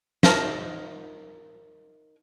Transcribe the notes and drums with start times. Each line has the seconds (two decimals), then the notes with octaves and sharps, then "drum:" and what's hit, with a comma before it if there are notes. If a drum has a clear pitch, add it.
0.23 D#4 A#4 A5, drum: snare